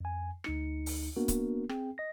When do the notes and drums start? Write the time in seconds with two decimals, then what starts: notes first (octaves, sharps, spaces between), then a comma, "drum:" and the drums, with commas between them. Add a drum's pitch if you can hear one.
0.01 F2 G#5
0.44 D2 D#4 C#7, drum: rim click
0.86 drum: open hi-hat
1.16 A#3 B3 D4 F#4 A#4
1.28 drum: kick C#1, hi-hat
1.69 C4 G#4 G5, drum: rim click
1.98 D#5 A#6